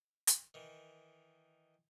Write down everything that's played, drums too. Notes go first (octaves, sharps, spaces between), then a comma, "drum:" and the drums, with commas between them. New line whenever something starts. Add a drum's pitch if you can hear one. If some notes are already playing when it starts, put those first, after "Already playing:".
drum: hi-hat
D#3 E3